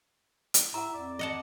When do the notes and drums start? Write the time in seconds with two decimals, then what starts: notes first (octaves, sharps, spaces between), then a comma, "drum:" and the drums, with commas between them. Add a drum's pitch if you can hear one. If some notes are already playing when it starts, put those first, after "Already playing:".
0.54 drum: hi-hat
0.74 A2 E5 F#5 A#5
0.94 F2 D5
1.19 D#5 F#5 A5